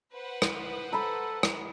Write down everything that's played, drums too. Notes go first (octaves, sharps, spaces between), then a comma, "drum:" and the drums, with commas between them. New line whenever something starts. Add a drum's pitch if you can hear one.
B4 C5 F#5
drum: rim click
A4 A#5 B5
drum: rim click